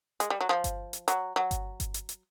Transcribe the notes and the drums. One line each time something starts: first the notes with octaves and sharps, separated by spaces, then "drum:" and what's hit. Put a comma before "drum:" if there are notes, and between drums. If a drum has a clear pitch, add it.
G#3, drum: hi-hat
G3
F#3
F3
drum: kick G1, hi-hat
drum: hi-hat
F#3, drum: hi-hat
F#3
drum: kick G1, hi-hat
drum: kick G1, hi-hat
drum: hi-hat
drum: hi-hat